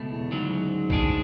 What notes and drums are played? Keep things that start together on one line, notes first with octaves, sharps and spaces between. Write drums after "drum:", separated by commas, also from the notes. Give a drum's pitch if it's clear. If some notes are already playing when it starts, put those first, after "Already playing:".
Already playing: C#2 B2 A3
E2
D2 G#2 C#3 F#3
A2 G#3 D4 G#4, drum: kick